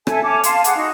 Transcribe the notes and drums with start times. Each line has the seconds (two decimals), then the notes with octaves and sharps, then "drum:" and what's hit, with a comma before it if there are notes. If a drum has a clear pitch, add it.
0.07 A4 E5 G#5, drum: rim click
0.23 C#4 A5 D6
0.44 F5 A5 C6, drum: hi-hat
0.64 G#4 F#5 D6, drum: hi-hat
0.76 D#4 F#4